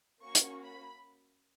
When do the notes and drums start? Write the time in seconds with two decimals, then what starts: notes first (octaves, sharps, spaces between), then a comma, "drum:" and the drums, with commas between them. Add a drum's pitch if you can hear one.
0.21 A#3 C#4 F#4 C#6
0.35 drum: hi-hat
0.62 B5